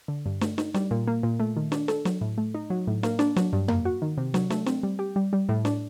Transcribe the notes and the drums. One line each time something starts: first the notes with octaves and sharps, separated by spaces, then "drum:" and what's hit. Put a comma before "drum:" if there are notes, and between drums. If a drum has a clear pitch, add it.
D3
G2
A3, drum: snare
D#4, drum: snare
G3, drum: snare
A#2
A#3
A#2
A3
D#3
D4, drum: snare
A4, drum: snare
F#3, drum: snare
A2
A3
D#4
F#3
A2
A#3, drum: snare
D4, drum: snare
F#3, drum: snare
G2
A#3, drum: tom F2
F#4
D#3
C3
F#3, drum: snare
A3, drum: snare
C4, drum: snare
G3
G4
G3
G3
A2
D4, drum: snare